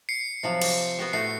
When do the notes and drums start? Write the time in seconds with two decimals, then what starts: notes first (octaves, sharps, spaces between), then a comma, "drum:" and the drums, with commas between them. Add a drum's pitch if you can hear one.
0.09 C7 C#7
0.43 C3 F3 F#3
0.62 C4, drum: cymbal
0.99 B3 F#4 G4
1.13 A2 A3 F#4 C7